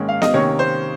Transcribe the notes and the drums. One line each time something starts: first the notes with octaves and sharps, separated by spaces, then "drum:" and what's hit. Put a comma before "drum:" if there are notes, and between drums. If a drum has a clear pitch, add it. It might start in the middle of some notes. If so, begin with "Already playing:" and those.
Already playing: G#2 D#3 A#3 C#4
F5
D#5, drum: snare B3
C3 D#3 A#3 C#4 C#5
C5